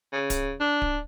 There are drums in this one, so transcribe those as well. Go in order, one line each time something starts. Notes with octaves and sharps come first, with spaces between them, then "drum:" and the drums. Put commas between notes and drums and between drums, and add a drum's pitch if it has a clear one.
C#3
drum: kick D1, hi-hat
D4
drum: kick D1